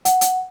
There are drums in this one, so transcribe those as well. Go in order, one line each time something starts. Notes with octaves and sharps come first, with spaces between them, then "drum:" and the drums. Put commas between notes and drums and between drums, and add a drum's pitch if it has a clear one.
F#5, drum: hi-hat
drum: hi-hat